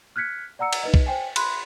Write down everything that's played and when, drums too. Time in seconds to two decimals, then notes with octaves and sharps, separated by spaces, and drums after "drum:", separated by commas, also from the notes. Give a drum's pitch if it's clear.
0.16 F6 F#6 G#6 B6 C#7
0.59 D5 F#5 A#5 E6 C#7
0.73 drum: cymbal
0.83 D#4 B4 D#5
0.94 drum: kick B1
1.06 C5 G5 G#5
1.36 B5 C6 F#6, drum: cymbal